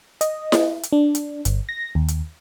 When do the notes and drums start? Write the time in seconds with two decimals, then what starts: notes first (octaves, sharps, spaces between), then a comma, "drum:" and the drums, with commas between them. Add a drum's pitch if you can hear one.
0.21 D#5, drum: hi-hat
0.52 drum: snare E4
0.83 drum: hi-hat
0.92 D4
1.15 drum: hi-hat
1.45 G1, drum: hi-hat
1.69 A#6
1.95 D#2
2.08 drum: hi-hat